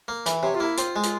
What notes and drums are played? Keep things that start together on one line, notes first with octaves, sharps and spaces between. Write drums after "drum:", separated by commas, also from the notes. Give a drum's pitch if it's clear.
A#3
E3, drum: hi-hat
C3 C#5
F4
A#3 E4
C4 F4, drum: hi-hat
G#3
F4, drum: hi-hat